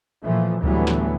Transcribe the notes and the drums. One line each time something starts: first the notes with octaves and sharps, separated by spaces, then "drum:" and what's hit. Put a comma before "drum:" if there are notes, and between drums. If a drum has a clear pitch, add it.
A#2 E3 F3 A3
D2 A2 E3 F#3 G3 B3, drum: kick
drum: snare